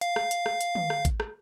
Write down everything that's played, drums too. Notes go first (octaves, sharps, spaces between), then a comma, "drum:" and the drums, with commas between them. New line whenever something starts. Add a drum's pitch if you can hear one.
F5, drum: hi-hat
drum: rim click
drum: hi-hat
drum: rim click
drum: hi-hat
drum: tom
drum: rim click
drum: kick A1, hi-hat
drum: rim click